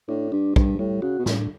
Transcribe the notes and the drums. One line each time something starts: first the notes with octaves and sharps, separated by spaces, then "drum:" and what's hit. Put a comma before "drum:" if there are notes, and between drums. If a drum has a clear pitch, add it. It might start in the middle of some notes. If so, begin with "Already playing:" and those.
A2 D4
G2 D4
G2 G3, drum: kick
A2 G3
C#3 F#4
B2
A2 C#3, drum: snare
D3